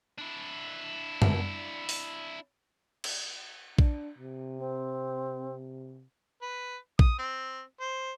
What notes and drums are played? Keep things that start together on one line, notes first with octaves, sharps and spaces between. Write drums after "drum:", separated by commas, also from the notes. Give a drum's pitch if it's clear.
D4 E4
drum: tom
drum: open hi-hat
drum: cymbal
D4, drum: kick A#1
C3
C4
B4
D#6, drum: kick A#1
C4
C5